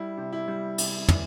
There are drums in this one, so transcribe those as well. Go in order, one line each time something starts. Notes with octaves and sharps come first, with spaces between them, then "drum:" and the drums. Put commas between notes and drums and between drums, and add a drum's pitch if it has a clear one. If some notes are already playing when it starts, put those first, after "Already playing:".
Already playing: G3 E4
C3
E4
G3
C3, drum: cymbal
E3, drum: tom